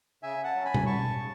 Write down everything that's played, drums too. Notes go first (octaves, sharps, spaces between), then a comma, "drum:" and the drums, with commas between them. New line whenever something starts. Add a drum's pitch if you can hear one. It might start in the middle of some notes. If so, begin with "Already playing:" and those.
C#3 E5 G#5
F#5 A5
F#3 C#4
G#5 B5
drum: tom B2
E2 A5 C#6
C#3